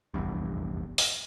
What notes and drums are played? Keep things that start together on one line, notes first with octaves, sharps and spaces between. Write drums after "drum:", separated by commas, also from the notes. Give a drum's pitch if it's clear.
F1 A#1 E2 G2
drum: open hi-hat